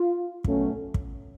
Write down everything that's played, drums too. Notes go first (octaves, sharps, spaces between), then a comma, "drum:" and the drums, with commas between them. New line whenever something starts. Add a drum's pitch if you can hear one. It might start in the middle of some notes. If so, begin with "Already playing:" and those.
Already playing: F4
B2 F#3 A3 C#4, drum: kick
drum: kick